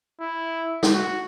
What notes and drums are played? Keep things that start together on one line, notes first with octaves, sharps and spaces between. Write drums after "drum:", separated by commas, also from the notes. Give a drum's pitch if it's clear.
E4
drum: snare
F#4